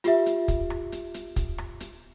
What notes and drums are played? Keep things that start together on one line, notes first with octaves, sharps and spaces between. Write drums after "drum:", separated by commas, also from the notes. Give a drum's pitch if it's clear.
F4 G4 E5, drum: hi-hat
drum: hi-hat
drum: kick, hi-hat
drum: rim click
drum: hi-hat
drum: hi-hat
drum: kick, hi-hat
drum: rim click
drum: hi-hat